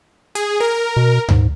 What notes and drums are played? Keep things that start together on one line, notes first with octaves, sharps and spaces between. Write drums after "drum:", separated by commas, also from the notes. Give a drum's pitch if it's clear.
G#4, drum: hi-hat
A#4
B2
G#2, drum: tom D2